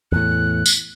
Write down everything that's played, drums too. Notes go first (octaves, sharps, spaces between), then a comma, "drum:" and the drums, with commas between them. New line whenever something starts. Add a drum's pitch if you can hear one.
E2 A2 F#6
drum: tambourine